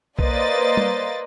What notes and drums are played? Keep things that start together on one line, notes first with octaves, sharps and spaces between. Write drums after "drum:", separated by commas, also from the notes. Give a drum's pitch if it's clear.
A#3 B4 C5 D5 D#5 A6, drum: kick B1
drum: tom G3